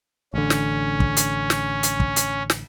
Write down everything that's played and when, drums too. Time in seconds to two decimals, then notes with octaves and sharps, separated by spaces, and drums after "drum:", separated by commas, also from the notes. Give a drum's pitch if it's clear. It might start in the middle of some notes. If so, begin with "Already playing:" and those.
0.34 A1 D3 C#4
0.50 drum: snare
1.00 drum: kick
1.17 drum: hi-hat
1.50 drum: snare
1.83 drum: hi-hat
2.00 drum: kick
2.16 drum: hi-hat
2.50 drum: snare